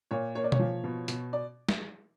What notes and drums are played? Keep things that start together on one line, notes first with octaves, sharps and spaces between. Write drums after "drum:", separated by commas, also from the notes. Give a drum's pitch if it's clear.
A#2 C#5
A#3 C#5
D5
C#5, drum: tom B2
F3
B2
B2, drum: hi-hat
D5
drum: snare